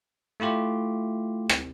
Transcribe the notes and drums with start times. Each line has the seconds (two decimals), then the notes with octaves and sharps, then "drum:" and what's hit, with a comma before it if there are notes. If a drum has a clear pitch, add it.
0.40 A3 E4 F4 G4
1.49 drum: rim click